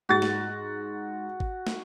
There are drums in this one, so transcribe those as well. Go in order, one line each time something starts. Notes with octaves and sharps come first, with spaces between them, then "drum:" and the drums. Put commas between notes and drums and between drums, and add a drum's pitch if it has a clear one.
G#2 F#4 A6
drum: snare
drum: kick G#1
drum: snare